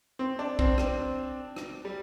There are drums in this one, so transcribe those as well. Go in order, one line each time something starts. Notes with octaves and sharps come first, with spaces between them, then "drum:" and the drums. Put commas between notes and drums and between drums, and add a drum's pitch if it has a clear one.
C4
D4
C4, drum: kick
C4, drum: rim click
drum: rim click
G3